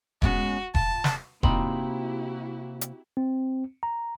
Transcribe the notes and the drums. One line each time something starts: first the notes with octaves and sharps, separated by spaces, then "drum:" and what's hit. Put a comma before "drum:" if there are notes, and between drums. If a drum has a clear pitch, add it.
G#3 B3 C#4 F#4, drum: kick E1
F4 A5, drum: kick E1
drum: snare
C3 A#3 C4 D#4 E4 F#4 G4 B5, drum: kick E1
drum: hi-hat
C4
A#5